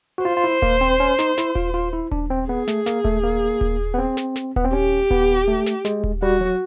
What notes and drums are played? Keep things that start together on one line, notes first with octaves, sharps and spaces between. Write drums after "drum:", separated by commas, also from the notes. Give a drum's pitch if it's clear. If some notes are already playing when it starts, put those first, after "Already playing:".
F#4
F4 C5
F4
E4
A#3, drum: kick D#1
C4
C#4
D#4, drum: snare
E4, drum: snare
F4, drum: kick D#1
F4
E4
D4, drum: kick D#1
C4
B3 G#4
A3, drum: snare
A#3, drum: snare
A3, drum: kick D#1
A#3
drum: kick D#1
B3
C4
drum: snare
drum: snare
B3, drum: kick D#1
C4
C#4 G4
B3, drum: kick D#1
A3
drum: snare
G#3, drum: snare
drum: kick D#1
G3 F#4
F#3